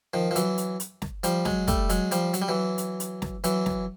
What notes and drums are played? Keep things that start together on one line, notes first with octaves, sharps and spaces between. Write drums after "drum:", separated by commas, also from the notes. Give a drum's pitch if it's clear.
D#3 F3
F3
E3 F#3, drum: hi-hat
drum: hi-hat
drum: hi-hat
drum: snare
F3 G3, drum: hi-hat
F#3 G#3, drum: snare
G3 A3, drum: kick, hi-hat
F#3 G#3, drum: hi-hat
F3 G3, drum: hi-hat
F#3, drum: hi-hat
G3
E3 F#3
drum: hi-hat
drum: hi-hat
drum: snare
E3 F#3, drum: hi-hat
drum: snare